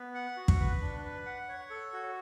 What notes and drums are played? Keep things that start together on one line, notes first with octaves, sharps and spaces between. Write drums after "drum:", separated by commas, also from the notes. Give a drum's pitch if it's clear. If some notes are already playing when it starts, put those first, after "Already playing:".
Already playing: B3
F#5
F#4
drum: kick
B4
D4
B4
F#5
C#5
A4
F#4